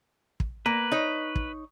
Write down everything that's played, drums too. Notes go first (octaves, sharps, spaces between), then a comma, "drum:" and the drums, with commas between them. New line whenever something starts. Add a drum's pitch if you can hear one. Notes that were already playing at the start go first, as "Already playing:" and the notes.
drum: kick
A#3 B4
D#4 C#5
drum: kick